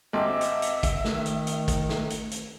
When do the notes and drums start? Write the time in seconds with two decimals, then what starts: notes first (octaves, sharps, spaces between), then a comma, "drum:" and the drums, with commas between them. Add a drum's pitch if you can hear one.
0.13 G#1 C4 D#5 E5 F#5 D6
0.41 drum: hi-hat
0.62 drum: hi-hat
0.83 drum: kick, hi-hat
1.04 D#3 A3 A#4, drum: snare
1.26 drum: hi-hat
1.47 drum: hi-hat
1.68 drum: kick, hi-hat
1.89 drum: snare
2.10 drum: hi-hat
2.31 drum: hi-hat